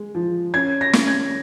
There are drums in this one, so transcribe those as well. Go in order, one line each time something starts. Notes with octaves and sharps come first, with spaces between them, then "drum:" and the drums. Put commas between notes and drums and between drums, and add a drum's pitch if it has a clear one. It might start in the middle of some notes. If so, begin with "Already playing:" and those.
Already playing: G#3
F3
C#4 G#6
A#6
C#4, drum: snare
G#6